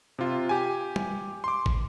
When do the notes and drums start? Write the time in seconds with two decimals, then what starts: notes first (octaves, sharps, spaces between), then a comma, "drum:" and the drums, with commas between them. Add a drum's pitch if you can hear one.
0.19 C3 F4
0.49 G4 G#5
0.96 drum: tom
1.44 C6 D6
1.66 drum: kick